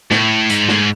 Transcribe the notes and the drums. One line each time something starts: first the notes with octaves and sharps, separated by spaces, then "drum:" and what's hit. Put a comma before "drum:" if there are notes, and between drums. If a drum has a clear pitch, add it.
A2, drum: snare
G#2, drum: hi-hat
drum: snare